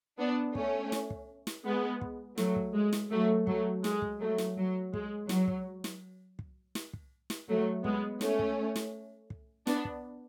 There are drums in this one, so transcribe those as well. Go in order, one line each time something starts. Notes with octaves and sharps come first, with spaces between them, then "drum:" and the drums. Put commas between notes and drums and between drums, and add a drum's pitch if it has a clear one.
B3 D4
A3 C#4, drum: kick
drum: snare
drum: kick
drum: snare
G#3 B3
drum: kick
F#3 A3, drum: snare
drum: kick
G#3
drum: snare
F#3 A3
F#3 A3, drum: kick
G#3, drum: snare
drum: kick
F#3 A3
drum: snare
F#3
G#3, drum: kick
F#3, drum: snare
drum: kick
drum: snare
drum: kick
drum: snare
drum: kick
drum: snare
F#3 A3
G#3 B3, drum: kick
A3 C#4, drum: snare
drum: kick
drum: snare
drum: kick
B3 D4, drum: snare
drum: kick